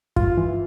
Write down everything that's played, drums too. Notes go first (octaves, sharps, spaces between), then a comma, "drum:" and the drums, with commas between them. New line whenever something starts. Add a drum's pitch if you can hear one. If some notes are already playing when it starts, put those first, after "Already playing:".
G2 F4, drum: kick
E3